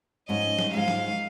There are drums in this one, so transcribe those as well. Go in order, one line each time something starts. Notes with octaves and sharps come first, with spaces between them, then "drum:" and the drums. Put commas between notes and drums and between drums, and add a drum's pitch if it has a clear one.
G#2 F3 G#3 C#4 D#5
drum: snare
G#2 F3 G#3 C#4 F5
drum: snare